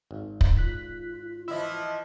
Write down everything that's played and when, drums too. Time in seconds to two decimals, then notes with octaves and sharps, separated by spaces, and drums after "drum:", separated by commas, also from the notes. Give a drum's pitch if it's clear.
0.11 G#1
0.41 drum: kick
0.57 F4 F#6 B6
1.48 E3 F3 E4 D#5 E6